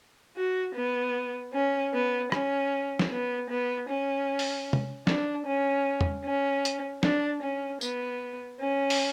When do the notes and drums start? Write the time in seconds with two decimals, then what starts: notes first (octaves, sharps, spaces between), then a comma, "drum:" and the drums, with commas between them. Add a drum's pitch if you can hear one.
0.36 F#4
0.75 B3
1.54 C#4
1.93 B3
2.32 C#4, drum: rim click
2.99 drum: snare
3.11 B3
3.50 B3
3.89 C#4
4.39 drum: open hi-hat
4.73 drum: tom
5.07 D4, drum: snare
5.46 C#4
6.01 drum: tom
6.25 C#4
6.65 drum: hi-hat
7.03 D4, drum: snare
7.42 C#4
7.81 B3, drum: tambourine
8.60 C#4
8.90 drum: open hi-hat